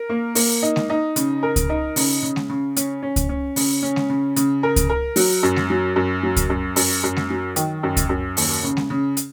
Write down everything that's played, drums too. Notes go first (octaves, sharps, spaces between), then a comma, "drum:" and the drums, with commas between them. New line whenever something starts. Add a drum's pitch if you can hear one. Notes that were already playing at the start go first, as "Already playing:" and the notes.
Already playing: A#4
A#3
A#3, drum: open hi-hat
D#4
drum: snare G#3
D#4
C#3, drum: hi-hat
A#4
drum: kick C#2, hi-hat
D#4
C#3, drum: open hi-hat
C#3
drum: snare G#3
C#3
C#4, drum: hi-hat
C#4
drum: kick C#2, hi-hat
C#4
C#3, drum: open hi-hat
C#4
drum: snare G#3
C#3
C#3, drum: hi-hat
A#4
drum: kick C#2, hi-hat
A#4
F#3, drum: open hi-hat
F#2
drum: snare G#3
F#3
F#2
F#3
drum: kick C#2, hi-hat
F#2
F#2, drum: open hi-hat
F#2
drum: snare G#3
F#3
D#3, drum: hi-hat
F#2
drum: kick C#2, hi-hat
F#2
D#2, drum: open hi-hat
C#3
drum: snare G#3
C#3
drum: hi-hat